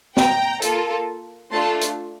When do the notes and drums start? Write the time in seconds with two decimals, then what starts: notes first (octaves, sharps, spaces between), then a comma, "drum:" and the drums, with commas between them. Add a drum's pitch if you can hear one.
0.17 G5 A#5, drum: snare
0.62 A#3 F4 A4, drum: hi-hat
1.51 A3 D4 F4 A4 A5 C6
1.81 drum: hi-hat